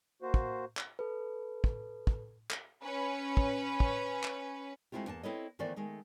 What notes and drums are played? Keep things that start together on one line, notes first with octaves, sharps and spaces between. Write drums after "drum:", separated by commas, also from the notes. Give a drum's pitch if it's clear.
A#3 F#4 C5
drum: kick
drum: clap
A4 B4
drum: kick
drum: kick
drum: clap
C#4 B4
drum: kick
drum: kick
drum: clap
G#3 A3 C4 E4 F4 G4
E2 A#3 G#5 A5
C4 E4 A4 B4 C#5 D#5
D#3 E3 A3 B3 C5 D5
D#3 G#3 A3 D#4